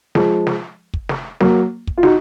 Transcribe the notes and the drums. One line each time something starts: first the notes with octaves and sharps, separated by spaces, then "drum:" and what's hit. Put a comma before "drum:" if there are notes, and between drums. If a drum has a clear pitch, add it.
F3 G#3, drum: snare
drum: snare
drum: kick
drum: snare
F#3 A#3, drum: snare
drum: kick
F4
D#4 F#4, drum: snare